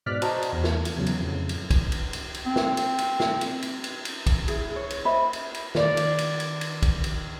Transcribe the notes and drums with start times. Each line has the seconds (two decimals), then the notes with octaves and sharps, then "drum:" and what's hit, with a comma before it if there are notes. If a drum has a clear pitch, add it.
0.06 G#2 B2 D5 F6 F#6 B6
0.22 F#4 C5 D#5 A5 A#5, drum: cymbal
0.43 drum: cymbal
0.52 E2
0.64 drum: snare
0.85 drum: cymbal
0.96 E2 C#3 F#3
1.07 drum: cymbal
1.20 F2 A2 C#3
1.49 drum: cymbal
1.71 drum: kick, cymbal
1.92 drum: cymbal
2.13 drum: cymbal
2.34 drum: cymbal
2.46 C4
2.56 drum: snare
2.77 drum: cymbal
2.98 drum: cymbal
3.20 drum: snare
3.41 drum: cymbal
3.62 drum: cymbal
3.84 drum: cymbal
4.05 drum: cymbal
4.26 drum: kick, cymbal
4.48 E4 G#4, drum: cymbal
4.76 C#5
4.90 drum: cymbal
5.05 C5 D#5 E5 B5
5.33 drum: cymbal
5.54 drum: cymbal
5.75 D#3 D5, drum: snare
5.97 drum: cymbal
6.18 drum: cymbal
6.40 drum: cymbal
6.61 drum: cymbal
6.82 drum: kick, cymbal
7.04 drum: cymbal